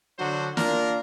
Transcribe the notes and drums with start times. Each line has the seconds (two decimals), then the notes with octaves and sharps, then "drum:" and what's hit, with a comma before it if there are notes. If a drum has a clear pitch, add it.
0.19 D3 F#3 D4 F#4 C5
0.57 A#3 D4 F4 A#4, drum: snare